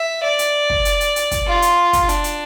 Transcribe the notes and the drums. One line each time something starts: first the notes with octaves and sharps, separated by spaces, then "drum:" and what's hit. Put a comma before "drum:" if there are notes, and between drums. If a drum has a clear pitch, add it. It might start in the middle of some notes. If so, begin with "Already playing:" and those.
Already playing: E5
D5
drum: hi-hat
drum: kick
drum: hi-hat
drum: hi-hat
drum: hi-hat
drum: kick, hi-hat
F4
drum: hi-hat
drum: kick, hi-hat
D4, drum: hi-hat
drum: hi-hat